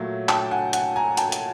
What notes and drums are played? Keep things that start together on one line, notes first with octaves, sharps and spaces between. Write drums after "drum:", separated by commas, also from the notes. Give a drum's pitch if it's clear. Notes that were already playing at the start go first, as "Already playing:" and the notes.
Already playing: A#2 F#3 A3
G5 A5, drum: clap
F#5 G#5
F#5 G#5, drum: hi-hat
G#5 A#5
G5 A5, drum: hi-hat
drum: hi-hat